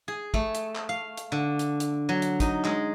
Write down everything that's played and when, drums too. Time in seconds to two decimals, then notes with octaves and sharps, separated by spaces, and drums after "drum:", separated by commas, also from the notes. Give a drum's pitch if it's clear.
0.08 G#4
0.34 A3, drum: kick
0.55 drum: hi-hat
0.76 drum: clap
0.89 F5
1.17 drum: hi-hat
1.32 D3
1.59 drum: hi-hat
1.80 drum: hi-hat
2.09 F#3
2.22 drum: hi-hat
2.40 D#4, drum: kick, hi-hat
2.65 G#3, drum: clap